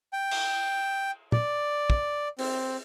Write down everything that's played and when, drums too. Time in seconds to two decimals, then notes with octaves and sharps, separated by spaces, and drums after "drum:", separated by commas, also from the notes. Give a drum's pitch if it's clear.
0.13 G5
0.31 drum: cymbal
1.32 D5, drum: tom
1.90 drum: kick
2.39 C4, drum: open hi-hat